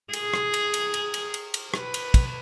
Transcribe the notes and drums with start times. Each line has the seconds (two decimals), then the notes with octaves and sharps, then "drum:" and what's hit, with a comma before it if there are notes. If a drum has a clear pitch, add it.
0.13 G#4, drum: cymbal
0.34 drum: rim click
0.54 drum: cymbal
0.74 drum: cymbal
0.94 drum: cymbal
1.14 drum: cymbal
1.34 drum: cymbal
1.54 drum: cymbal
1.74 B4, drum: rim click
1.94 drum: cymbal
2.14 drum: kick, cymbal